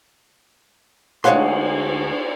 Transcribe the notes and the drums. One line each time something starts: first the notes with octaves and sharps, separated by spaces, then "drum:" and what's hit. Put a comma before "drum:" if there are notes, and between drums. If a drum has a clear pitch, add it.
D2 G#3 C#5 F5 F#5 C6, drum: cymbal